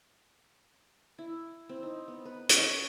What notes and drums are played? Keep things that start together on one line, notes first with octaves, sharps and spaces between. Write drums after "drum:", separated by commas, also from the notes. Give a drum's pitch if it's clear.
E4
C4
D#4
B3
B4
C#4, drum: hi-hat